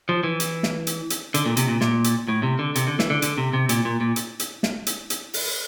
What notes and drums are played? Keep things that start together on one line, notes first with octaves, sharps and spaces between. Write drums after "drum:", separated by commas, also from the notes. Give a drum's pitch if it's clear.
F3
E3
drum: hi-hat
drum: snare
drum: hi-hat
drum: hi-hat
D3, drum: hi-hat
A#2
C3, drum: hi-hat
A#2
A#2, drum: snare
drum: hi-hat
A2
C3
D3
C3, drum: hi-hat
D3
E3, drum: snare
D3
D3, drum: hi-hat
C3
C3
A#2, drum: hi-hat
A#2
A#2
drum: hi-hat
drum: hi-hat
drum: snare
drum: hi-hat
drum: hi-hat
drum: open hi-hat